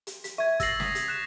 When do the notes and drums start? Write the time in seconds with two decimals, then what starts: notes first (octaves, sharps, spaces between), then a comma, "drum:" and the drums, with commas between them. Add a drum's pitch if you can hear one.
0.07 drum: hi-hat
0.24 B6, drum: hi-hat
0.38 E5 C#6 G#6
0.60 E6 A6 A#6 C7 F#7, drum: kick, hi-hat
0.80 D#6 B6, drum: snare
0.95 drum: hi-hat
1.08 F#6 E7